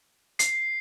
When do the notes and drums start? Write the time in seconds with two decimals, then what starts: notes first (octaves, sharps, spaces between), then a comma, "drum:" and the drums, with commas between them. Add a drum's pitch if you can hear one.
0.39 C7, drum: hi-hat